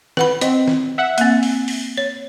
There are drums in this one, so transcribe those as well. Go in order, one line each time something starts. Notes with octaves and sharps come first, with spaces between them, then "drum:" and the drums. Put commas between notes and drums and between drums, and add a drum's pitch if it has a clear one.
B4 F#5 B5, drum: snare
C4 D#5, drum: hi-hat
drum: snare
E5 F#5
A#3 C4, drum: hi-hat
drum: open hi-hat
drum: open hi-hat
C#5